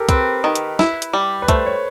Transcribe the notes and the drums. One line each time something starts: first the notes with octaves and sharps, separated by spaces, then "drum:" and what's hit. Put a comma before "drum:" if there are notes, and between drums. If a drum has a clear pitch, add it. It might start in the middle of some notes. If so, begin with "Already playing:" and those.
Already playing: G4 A4 A#4
C4 B4, drum: kick C2, hi-hat
D#3
drum: hi-hat
E4, drum: snare
drum: hi-hat
G3
B4
A3 C5, drum: kick C2, hi-hat
C#5